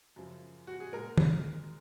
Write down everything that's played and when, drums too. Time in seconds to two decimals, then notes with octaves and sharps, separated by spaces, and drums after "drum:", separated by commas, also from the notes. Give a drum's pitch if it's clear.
0.16 F#2 C#3 F3
0.67 F#4
0.80 G#4
0.93 A#2 G#3 A#4
1.18 drum: tom